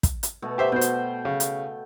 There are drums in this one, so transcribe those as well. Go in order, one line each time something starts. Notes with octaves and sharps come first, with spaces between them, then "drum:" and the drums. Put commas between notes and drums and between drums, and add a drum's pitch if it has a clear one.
drum: kick, hi-hat
drum: hi-hat
B2 A3 B3
G4 C5 E5
B2 C5 G5
drum: hi-hat
C#3
drum: hi-hat